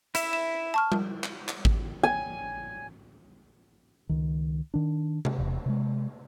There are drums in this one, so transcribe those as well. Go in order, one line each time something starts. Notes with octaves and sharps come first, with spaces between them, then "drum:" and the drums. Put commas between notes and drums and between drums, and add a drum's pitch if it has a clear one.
E4 E5, drum: hi-hat
E7
A5 C#6 F6
drum: tom G3
drum: clap
drum: clap
drum: kick G#1
G#5
C#2 D#3
D#3 D4
drum: tom C3
E1 E2 C3
C3 G#3